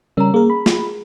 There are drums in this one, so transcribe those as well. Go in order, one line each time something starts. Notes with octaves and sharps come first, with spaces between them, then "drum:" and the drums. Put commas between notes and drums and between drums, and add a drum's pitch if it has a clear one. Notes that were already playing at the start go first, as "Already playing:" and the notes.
C#3 G3 C#4 A#4 A#5
A#3 G#4 A#4
B5
drum: snare F4